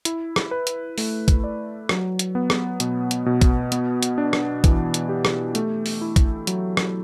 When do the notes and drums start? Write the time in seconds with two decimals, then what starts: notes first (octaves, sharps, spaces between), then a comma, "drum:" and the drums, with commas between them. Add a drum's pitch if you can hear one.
0.05 E4, drum: hi-hat
0.36 drum: rim click
0.51 B4
0.67 drum: hi-hat
0.98 A3, drum: open hi-hat
1.28 drum: kick, hi-hat
1.44 D5
1.89 F#3, drum: rim click
2.19 drum: hi-hat
2.35 B3
2.50 drum: rim click
2.80 B2, drum: hi-hat
3.11 drum: hi-hat
3.26 B2
3.41 drum: kick, hi-hat
3.72 B3, drum: hi-hat
4.03 drum: hi-hat
4.18 D4
4.33 drum: rim click
4.64 E3, drum: kick, hi-hat
4.94 drum: hi-hat
5.09 G4
5.25 drum: rim click
5.55 A3, drum: hi-hat
5.86 drum: open hi-hat
6.01 E4
6.16 drum: kick, hi-hat
6.47 F#3, drum: hi-hat
6.77 drum: rim click